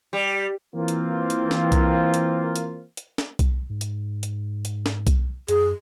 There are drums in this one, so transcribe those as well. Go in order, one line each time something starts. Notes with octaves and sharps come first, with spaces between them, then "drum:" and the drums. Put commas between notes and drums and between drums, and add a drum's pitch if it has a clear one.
G3
E3 A#3 C4 F4
drum: hi-hat
drum: hi-hat
drum: snare
drum: kick B1, hi-hat
drum: hi-hat
drum: hi-hat
drum: hi-hat
drum: snare
drum: kick B1, hi-hat
G#2
drum: hi-hat
drum: hi-hat
drum: hi-hat
drum: snare
drum: kick B1, hi-hat
F#2 G#4, drum: hi-hat